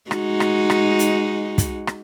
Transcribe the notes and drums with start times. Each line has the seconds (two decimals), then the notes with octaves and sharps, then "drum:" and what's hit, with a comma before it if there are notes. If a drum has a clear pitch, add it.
0.11 G#3 D#4 F#4, drum: rim click
0.40 drum: rim click
0.70 drum: rim click
0.99 drum: hi-hat
1.58 drum: kick, hi-hat
1.87 drum: rim click